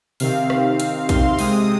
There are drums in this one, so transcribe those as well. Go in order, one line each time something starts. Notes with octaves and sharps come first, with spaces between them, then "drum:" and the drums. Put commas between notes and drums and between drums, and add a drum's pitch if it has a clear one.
C3 D#3 C4 F5, drum: open hi-hat
drum: rim click
drum: hi-hat
C6, drum: kick A#1, hi-hat
C3 G#3 C4 D#6, drum: open hi-hat